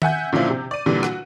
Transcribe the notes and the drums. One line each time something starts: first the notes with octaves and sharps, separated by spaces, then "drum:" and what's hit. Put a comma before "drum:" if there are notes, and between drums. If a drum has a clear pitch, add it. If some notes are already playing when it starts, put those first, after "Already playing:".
E5 F#5 G#5 G6, drum: tom D#3
A#2 D3 F3 C#4 E4 F4
C3
D5 D#7
A#2 D3 E3 G3
F#4, drum: rim click